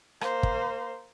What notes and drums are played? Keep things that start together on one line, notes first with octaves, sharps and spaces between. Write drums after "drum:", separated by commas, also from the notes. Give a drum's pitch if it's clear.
A#3 C5, drum: rim click
drum: kick